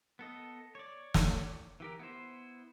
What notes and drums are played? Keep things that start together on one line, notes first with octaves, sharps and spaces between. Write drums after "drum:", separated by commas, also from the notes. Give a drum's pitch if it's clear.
B3 A4 D#5
C#5 D5
drum: snare
E3 G4 A#4
B3 E4 C5